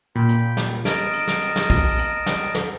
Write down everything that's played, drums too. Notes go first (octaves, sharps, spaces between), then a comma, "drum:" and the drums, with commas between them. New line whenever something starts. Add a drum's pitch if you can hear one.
A#2 G5 B5
drum: hi-hat
drum: snare
A#4 D#5 A5 D7, drum: snare
drum: hi-hat
drum: snare
drum: hi-hat
drum: snare
drum: kick A#1, open hi-hat
drum: hi-hat
drum: snare
drum: snare